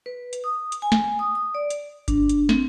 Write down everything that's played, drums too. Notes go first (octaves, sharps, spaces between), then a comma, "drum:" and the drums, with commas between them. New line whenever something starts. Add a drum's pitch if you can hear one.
B4
drum: hi-hat
D#6
drum: hi-hat
G#5
drum: snare
D#6
D#6
D5
drum: hi-hat
D4, drum: kick G1, hi-hat
drum: hi-hat
C4, drum: snare